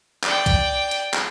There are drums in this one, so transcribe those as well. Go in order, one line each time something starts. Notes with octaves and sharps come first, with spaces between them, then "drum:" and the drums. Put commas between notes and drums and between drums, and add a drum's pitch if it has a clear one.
D5 G5, drum: clap
drum: kick, hi-hat
drum: hi-hat
drum: clap